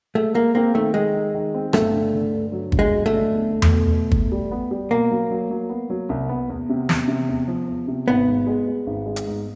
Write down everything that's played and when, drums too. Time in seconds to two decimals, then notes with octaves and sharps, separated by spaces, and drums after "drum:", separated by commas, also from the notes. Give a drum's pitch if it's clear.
0.15 G#3 A3
0.35 G#3 A#3
0.55 A#3 C4
0.74 D#3 A3
0.94 D#3 G#3
1.14 D#3
1.34 D#3
1.54 C4
1.73 G1 A3, drum: rim click
1.93 D3
2.14 D3
2.33 G2
2.52 F#3
2.72 G1, drum: kick G1
2.79 G#3
2.93 F#3
3.06 A3
3.12 D3
3.31 E2
3.52 E2
3.62 drum: tom E2
3.72 B2
3.92 B2
4.11 E2, drum: kick G1
4.32 G3
4.51 B3
4.71 G3
4.91 B2 A#3
5.11 F#3
5.31 F#3
5.50 F#3
5.69 B3
5.90 F#3
6.09 C2
6.29 B3
6.50 E2
6.69 C3
6.89 E2, drum: snare
7.08 C3
7.29 E2
7.48 F3
7.68 E2
7.87 C3
8.08 G#1 B3
8.28 G#2
8.47 G#3
8.67 G#3
8.87 G#1
9.06 G#3
9.16 drum: hi-hat
9.27 G#2